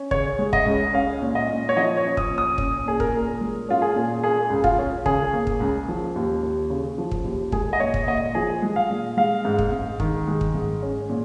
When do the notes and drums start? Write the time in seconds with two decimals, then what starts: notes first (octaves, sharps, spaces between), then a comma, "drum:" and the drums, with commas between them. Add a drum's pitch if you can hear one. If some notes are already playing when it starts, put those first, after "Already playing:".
Already playing: C#4
0.11 C#3 C#5, drum: kick
0.39 G#3
0.53 D#5, drum: kick
0.66 C#2
0.94 C#4 F5
1.22 A#2
1.35 D#5
1.49 A#2
1.69 C#5
1.76 F3 D#5
1.97 C#5
2.04 C#4
2.17 D#6, drum: kick
2.31 A#2
2.38 D#6
2.58 C#4, drum: kick
2.86 A#2 G#4
3.00 A#4, drum: kick
3.14 A#2
3.41 G#3
3.69 C#4 F4
3.82 G#4
3.96 A#2
4.23 A#3 G#4
4.50 C#2
4.64 F4, drum: kick
4.78 C#4
5.06 C#3 G#4, drum: kick
5.33 A#3
5.47 drum: kick
5.60 C#2
5.89 F3
6.16 D#2
6.43 D#2
6.70 C#3
6.98 F3
7.11 drum: kick
7.25 D#2
7.52 G#3 G#4, drum: kick
7.73 D#5
7.80 A#2 C#5
7.94 drum: kick
8.07 A#2 D#5
8.35 F3 G#4
8.62 G#3
8.76 F5
8.90 A#2
9.17 G#3 F5
9.45 G#2
9.59 drum: kick
9.72 G#2
10.00 D#3, drum: kick
10.27 G#3
10.41 drum: kick
10.55 G#2
10.82 C#4
11.09 A#2